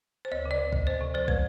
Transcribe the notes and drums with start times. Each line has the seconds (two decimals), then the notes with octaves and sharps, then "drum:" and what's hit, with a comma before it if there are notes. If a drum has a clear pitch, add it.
0.25 C5
0.32 D2 C#5
0.45 C#3
0.51 D5
0.59 D2
0.73 D2, drum: kick
0.87 D2 C5
1.01 C3
1.14 F3 C5
1.28 G#3 B4, drum: kick